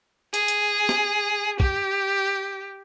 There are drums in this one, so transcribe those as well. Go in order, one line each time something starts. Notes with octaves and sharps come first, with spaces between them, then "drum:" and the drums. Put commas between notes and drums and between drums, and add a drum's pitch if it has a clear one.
G#4, drum: hi-hat
drum: hi-hat
drum: snare
G4, drum: kick